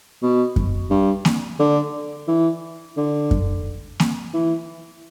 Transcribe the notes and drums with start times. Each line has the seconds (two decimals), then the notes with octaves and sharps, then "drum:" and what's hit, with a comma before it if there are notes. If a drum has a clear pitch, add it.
0.22 B2
0.56 drum: kick F#2
0.90 G2
1.25 drum: snare A#3
1.59 D3
2.28 E3
2.97 D3
3.31 drum: kick F#2
4.00 drum: snare A#3
4.33 E3